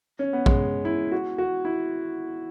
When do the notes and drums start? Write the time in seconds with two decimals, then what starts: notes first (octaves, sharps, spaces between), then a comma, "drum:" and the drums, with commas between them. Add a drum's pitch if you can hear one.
0.19 C#4
0.33 B3
0.46 G#3, drum: kick A#1
0.85 E4
1.12 F#4
1.38 F#4
1.65 E4